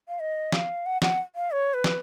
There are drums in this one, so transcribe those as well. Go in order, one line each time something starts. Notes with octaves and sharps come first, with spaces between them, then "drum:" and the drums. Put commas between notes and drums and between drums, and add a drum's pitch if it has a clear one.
F5
D#5
F5, drum: snare
F#5
F#5, drum: snare
F5
C#5
B4
drum: snare